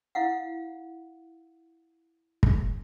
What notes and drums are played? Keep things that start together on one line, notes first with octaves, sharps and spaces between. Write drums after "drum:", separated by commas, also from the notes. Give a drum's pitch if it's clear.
E4 F5 F#5
drum: kick